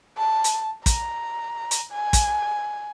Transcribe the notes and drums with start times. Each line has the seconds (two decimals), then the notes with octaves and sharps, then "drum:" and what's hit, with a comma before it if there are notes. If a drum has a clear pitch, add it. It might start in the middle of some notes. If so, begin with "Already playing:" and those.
0.17 A5
0.44 drum: hi-hat
0.86 A#5, drum: kick, hi-hat
1.71 drum: hi-hat
1.92 G#5
2.13 drum: kick, hi-hat